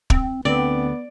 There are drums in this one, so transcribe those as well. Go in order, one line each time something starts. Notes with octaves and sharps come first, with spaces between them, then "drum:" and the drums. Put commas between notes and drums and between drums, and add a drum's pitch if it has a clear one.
C4, drum: kick
D2 D3 B3 C4 D5